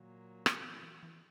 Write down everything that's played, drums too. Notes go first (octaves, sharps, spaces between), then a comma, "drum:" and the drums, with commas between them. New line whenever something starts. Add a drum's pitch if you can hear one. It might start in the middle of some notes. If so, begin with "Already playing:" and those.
Already playing: A#2 D#3 F#3 A#3
E3, drum: rim click
E3
E3
E3